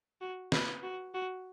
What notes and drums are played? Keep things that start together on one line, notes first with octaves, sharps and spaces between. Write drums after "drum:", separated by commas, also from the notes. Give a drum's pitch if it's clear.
F#4
B4, drum: snare
F#4
F#4